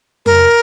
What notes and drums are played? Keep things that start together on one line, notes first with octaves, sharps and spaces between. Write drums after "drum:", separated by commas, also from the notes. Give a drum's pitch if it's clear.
A#4, drum: tom F2